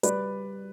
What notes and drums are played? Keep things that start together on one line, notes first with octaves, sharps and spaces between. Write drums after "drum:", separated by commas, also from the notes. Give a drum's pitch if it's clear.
G3 B4 D5, drum: hi-hat